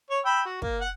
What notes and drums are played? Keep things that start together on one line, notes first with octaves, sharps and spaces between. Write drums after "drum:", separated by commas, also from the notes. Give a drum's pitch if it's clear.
C#5
G5 B5 E6
F#4
A#3, drum: kick
F#5